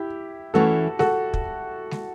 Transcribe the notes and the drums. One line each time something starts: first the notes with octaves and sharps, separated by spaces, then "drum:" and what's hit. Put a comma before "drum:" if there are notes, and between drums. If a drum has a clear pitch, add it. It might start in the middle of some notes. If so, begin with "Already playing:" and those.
Already playing: E4 G4
E3 A3 C#4 F#4 A4
F#4 A4, drum: snare G#3
drum: kick
drum: snare G#3